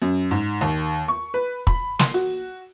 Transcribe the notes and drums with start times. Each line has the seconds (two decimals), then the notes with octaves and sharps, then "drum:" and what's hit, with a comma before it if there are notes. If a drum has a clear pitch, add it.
0.02 F#2
0.31 G#2
0.61 D#2
1.08 C#6
1.34 B4
1.67 B5, drum: kick
1.99 C6, drum: snare
2.14 F#4